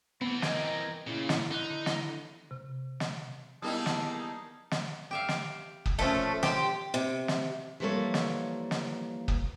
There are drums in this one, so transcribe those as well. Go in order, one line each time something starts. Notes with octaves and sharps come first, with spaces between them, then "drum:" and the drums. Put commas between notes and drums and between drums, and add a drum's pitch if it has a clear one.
E3 B3 C4
A#4 D#5 G5 G#5, drum: snare
A#2 C#3 E4
drum: snare
D3 D#4 F#6
drum: snare
C3
drum: snare
G3 A#3 B3 D#4 E4 G#4 A5 E6
drum: snare
drum: snare
G4 E5 F5
drum: snare
drum: kick
A#2 F3 A3 C#4
G4 C5, drum: snare
C3
drum: snare
E3 F3 G3 A#3 A4 C#5
drum: snare
drum: snare
drum: kick